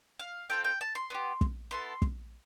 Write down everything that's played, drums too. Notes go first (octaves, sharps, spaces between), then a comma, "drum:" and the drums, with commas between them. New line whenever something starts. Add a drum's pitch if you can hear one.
F5
C4 F4 A4 G5
G5
A5
C6
B3 D4 G4
drum: kick
B3 E4 A4 C6
drum: kick